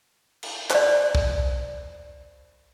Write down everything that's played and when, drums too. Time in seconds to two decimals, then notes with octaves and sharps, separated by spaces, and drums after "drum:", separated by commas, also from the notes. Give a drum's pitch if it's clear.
0.43 drum: cymbal
0.70 C5 D5, drum: clap
1.15 drum: kick